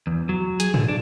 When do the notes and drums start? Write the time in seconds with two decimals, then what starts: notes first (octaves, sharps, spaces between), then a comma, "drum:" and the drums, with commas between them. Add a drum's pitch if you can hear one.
0.07 E2
0.29 F#3
0.60 G#4, drum: hi-hat
0.74 D3, drum: tom G#2
0.88 D4